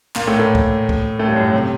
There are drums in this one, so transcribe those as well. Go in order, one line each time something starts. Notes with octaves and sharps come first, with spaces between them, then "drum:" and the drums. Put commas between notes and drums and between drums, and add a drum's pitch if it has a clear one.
A#2 A#3, drum: clap
A2 A3
A2 A3
drum: kick
drum: kick
A2 A3
G2 G3
F#2 F#3
C3